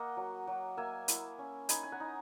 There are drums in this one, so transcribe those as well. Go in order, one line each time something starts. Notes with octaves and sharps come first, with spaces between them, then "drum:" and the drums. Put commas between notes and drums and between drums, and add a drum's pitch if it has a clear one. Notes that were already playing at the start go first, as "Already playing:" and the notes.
Already playing: A#3 D#5 F#5
F#3
F#3
A#3 E5 G#5
E4, drum: hi-hat
C#4
D#4 G#5 B5, drum: hi-hat
G#5
F#5 A#5
D#4